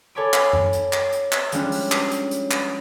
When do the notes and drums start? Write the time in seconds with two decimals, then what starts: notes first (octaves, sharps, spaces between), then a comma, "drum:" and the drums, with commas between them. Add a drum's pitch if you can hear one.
0.15 A4 C#5 G#5 A5 B5 D6
0.33 drum: clap
0.53 drum: tom F#2
0.73 drum: hi-hat
0.93 drum: clap
1.13 drum: hi-hat
1.32 drum: clap
1.52 F3 G3 G#3 C#4 D4, drum: hi-hat
1.72 drum: open hi-hat
1.92 drum: clap
2.11 drum: hi-hat
2.31 drum: hi-hat
2.51 drum: clap